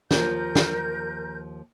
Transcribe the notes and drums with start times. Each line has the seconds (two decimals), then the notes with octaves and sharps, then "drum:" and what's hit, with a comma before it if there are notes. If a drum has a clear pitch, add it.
0.11 D#2 F3 A#4 G6, drum: snare
0.55 drum: snare